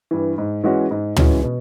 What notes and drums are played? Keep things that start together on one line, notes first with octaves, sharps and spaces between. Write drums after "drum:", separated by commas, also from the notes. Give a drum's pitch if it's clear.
G2 E3
G#2
E3 G#3 C#4 F#4
G#2
E3 G#3 C#4 F#4, drum: tom
B2